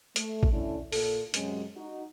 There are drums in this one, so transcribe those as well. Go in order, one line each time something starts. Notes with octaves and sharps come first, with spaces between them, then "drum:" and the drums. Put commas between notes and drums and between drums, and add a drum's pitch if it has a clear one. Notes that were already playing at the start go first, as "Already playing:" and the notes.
A3, drum: hi-hat
drum: kick A1
D3 A3 C#4 D4 E4
A#2 A4, drum: open hi-hat
F#2 C3 F#3 G#3 C#4, drum: hi-hat
D#4 F#4